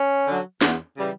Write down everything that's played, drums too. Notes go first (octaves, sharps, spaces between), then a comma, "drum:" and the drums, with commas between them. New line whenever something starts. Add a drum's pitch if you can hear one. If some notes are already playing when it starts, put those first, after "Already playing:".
Already playing: C#4
D3 F#3
E2, drum: snare
C#3 E3 G3